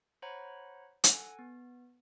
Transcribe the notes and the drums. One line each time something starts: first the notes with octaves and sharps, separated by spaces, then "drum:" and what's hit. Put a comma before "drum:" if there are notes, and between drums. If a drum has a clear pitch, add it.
C5 C#5 F#5 A#5 B5
A4 F#5 G#5, drum: hi-hat
B3